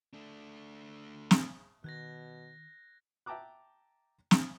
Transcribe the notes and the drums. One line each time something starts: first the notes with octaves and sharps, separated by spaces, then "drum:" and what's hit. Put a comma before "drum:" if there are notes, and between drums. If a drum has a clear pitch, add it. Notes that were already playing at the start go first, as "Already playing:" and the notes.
A3 D4
drum: snare
B2 D#3 F#6 G#6 A#6
E5 G5 A5 A#5 D6 F#6
drum: snare